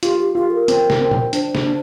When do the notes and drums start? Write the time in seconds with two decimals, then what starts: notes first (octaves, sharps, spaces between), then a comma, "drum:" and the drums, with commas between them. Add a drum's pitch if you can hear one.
0.03 F4 G4, drum: hi-hat
0.20 G4
0.35 F4 G4
0.52 A#4
0.68 C4, drum: hi-hat
0.90 drum: snare
1.01 C4
1.11 drum: tom A#2
1.33 D4 C5, drum: hi-hat
1.55 drum: snare
1.65 D4